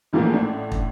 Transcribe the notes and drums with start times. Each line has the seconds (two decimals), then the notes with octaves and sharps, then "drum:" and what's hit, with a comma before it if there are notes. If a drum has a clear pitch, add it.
0.13 A#1 G#2 E3 F3 A3 A#3
0.34 A1 A2 D4
0.72 drum: kick